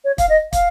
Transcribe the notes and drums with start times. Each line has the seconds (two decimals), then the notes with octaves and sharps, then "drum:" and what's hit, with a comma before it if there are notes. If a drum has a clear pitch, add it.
0.05 C#5
0.18 F5, drum: kick, hi-hat
0.29 D#5
0.53 F5, drum: kick, hi-hat